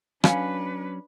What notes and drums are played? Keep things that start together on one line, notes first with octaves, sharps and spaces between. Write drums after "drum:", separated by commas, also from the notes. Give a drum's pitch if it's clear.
F#3 C#4 D4 B4 F5 G#5, drum: rim click